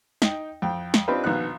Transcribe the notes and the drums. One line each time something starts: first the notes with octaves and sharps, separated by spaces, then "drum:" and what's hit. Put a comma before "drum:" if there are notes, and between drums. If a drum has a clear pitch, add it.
D#4 G5, drum: snare
F2 G5
drum: snare
C4 D4 D#4 F4 G4 B4
A#1 B2 D#3 B3 F#6